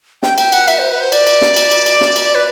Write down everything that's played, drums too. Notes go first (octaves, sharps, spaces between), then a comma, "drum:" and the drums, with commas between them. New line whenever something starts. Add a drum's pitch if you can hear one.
G5, drum: snare
G5, drum: cymbal
F#5, drum: cymbal
E5, drum: cymbal
C5
B4
C5
D5, drum: cymbal
drum: cymbal
drum: snare
drum: cymbal
drum: cymbal
drum: cymbal
drum: snare
drum: cymbal
B4